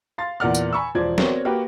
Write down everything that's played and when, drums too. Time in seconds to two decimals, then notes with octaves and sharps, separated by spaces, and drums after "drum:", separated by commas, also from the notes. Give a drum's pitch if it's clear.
0.18 F5 C6 A6
0.40 E2 A#2 A#3 D5 F#5 F6
0.55 drum: tambourine
0.73 G#5 B5 C#6 E6
0.95 E1 F3 C5 D5 G#6
1.18 B3 C4 F#4 A#4 C#5 D5, drum: snare
1.45 A#3 F#4 G4 A#4 B4 G5